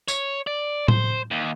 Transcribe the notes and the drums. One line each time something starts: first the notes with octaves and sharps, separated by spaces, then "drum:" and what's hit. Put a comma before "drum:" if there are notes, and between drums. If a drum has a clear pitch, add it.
C#5, drum: tambourine
D5
C5, drum: tom A2
D#2